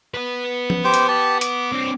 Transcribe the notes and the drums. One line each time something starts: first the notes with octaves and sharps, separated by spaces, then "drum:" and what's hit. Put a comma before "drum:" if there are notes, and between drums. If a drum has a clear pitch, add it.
B3 B4
drum: tom F3
G4 C5 D6
drum: hi-hat
G4 A5
D6, drum: hi-hat
C4 D4